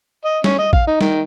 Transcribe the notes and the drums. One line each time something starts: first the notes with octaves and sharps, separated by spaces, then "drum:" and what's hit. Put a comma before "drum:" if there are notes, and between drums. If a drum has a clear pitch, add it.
D#5
C#4, drum: snare
D#5
F5, drum: kick A1
D#4
D#3, drum: snare